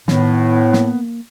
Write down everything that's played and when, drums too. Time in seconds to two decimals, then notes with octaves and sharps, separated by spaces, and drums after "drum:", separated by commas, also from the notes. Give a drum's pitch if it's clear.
0.08 A2 D#3 B3, drum: snare
0.73 A#3, drum: snare